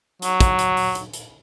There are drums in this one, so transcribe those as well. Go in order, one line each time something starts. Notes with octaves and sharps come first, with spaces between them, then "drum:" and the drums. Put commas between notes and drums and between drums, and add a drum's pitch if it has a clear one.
F#3, drum: hi-hat
drum: kick, hi-hat
drum: hi-hat
drum: open hi-hat
drum: hi-hat
drum: hi-hat